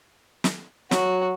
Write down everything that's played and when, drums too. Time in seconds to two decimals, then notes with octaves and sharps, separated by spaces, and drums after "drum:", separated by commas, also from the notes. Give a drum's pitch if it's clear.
0.44 drum: snare
0.91 F#3 F#4, drum: snare